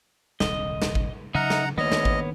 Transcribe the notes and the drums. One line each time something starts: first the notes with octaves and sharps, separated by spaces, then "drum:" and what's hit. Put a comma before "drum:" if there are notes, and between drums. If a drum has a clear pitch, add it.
D#1 C2 D#5, drum: snare
drum: snare
drum: kick G#1
C#3 F#3 D#4 E5 F#5 A#5 F6
drum: snare
D2 D#3 A#3 B3 D4 C#5 D#5
drum: snare
drum: kick G#1